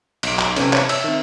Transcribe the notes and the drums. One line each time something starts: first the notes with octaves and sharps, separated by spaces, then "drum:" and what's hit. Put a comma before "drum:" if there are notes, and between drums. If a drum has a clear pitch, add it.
B1 D7, drum: cymbal
drum: clap
C3 E3 A3 C#4, drum: cymbal
C#5, drum: clap
E5 A5 E6, drum: cymbal
D#3 C4